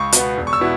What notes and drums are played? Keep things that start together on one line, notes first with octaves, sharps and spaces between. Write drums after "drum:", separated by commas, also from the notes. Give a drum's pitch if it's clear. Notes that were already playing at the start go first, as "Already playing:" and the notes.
Already playing: C#2 C#6
B2 B3, drum: hi-hat
E1
C#6
E6
B2 B3 E4